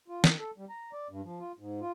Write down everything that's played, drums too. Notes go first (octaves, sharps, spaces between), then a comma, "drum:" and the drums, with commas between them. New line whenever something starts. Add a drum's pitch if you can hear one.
F4
D#3, drum: snare
A4
G3
A#5
D5
G2
F3
F4
G#2
F4